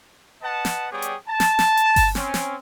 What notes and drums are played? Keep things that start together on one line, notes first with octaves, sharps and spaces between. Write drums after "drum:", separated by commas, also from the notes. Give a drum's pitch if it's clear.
B4 D#5 F#5 A5
drum: snare
G3 B3 G#4 C#5 D5 G5
drum: hi-hat
A5
drum: snare
drum: snare
drum: hi-hat
drum: kick G1, open hi-hat
C4 C#4 G#5, drum: snare
drum: snare